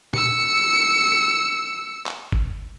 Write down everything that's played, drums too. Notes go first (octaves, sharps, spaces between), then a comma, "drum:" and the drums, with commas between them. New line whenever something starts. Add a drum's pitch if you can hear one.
E6 C#7, drum: tom A#2
drum: clap
drum: kick G1